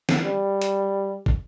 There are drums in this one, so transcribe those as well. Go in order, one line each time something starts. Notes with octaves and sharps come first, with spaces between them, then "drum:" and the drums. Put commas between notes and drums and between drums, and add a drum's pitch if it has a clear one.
drum: snare
G3
drum: hi-hat
drum: kick